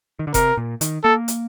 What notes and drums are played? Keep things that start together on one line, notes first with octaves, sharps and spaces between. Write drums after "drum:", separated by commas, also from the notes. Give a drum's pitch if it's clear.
D#3
D3
C3 A#4, drum: kick F1, hi-hat
A#2
D#3, drum: hi-hat
A#3 A4
drum: hi-hat